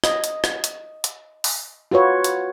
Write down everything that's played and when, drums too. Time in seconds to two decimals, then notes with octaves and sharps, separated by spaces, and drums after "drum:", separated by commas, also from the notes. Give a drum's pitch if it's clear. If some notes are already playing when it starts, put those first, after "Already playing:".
0.04 D#5, drum: rim click
0.24 drum: hi-hat
0.44 drum: rim click
0.64 drum: hi-hat
1.04 drum: hi-hat
1.44 drum: open hi-hat
1.91 F4 F#4 B4 C#5
2.24 drum: hi-hat